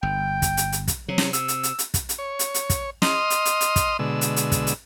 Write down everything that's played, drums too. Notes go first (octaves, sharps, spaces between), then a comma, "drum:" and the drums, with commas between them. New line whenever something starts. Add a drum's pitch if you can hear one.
G1 G5
drum: kick, hi-hat
drum: hi-hat
drum: hi-hat
drum: kick, hi-hat
C3 F#3
drum: snare
E6, drum: hi-hat
drum: hi-hat
drum: hi-hat
drum: hi-hat
drum: kick, hi-hat
drum: hi-hat
C#5
drum: hi-hat
drum: hi-hat
drum: kick, hi-hat
D#5 C6 D#6 F6, drum: snare
drum: hi-hat
drum: hi-hat
drum: hi-hat
drum: kick, hi-hat
B2 D3 G#3 E6
drum: hi-hat
drum: hi-hat
drum: kick, hi-hat
drum: hi-hat